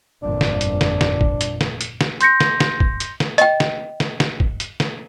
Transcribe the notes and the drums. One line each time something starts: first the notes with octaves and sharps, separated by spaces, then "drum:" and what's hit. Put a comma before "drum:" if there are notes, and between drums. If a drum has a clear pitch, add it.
G1 F2 A#2 D4
drum: snare
drum: hi-hat
drum: snare
drum: snare
drum: kick
drum: hi-hat
drum: snare
drum: hi-hat
drum: snare
C6 G6 A#6 C#7, drum: hi-hat
drum: snare
drum: snare
drum: kick
drum: hi-hat
drum: snare
D#5 G5, drum: hi-hat
drum: snare
drum: snare
drum: snare
drum: kick
drum: hi-hat
drum: snare